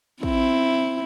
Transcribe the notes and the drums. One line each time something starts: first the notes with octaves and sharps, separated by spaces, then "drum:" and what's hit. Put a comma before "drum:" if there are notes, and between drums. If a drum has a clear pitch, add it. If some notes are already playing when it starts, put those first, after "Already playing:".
C4 E4, drum: kick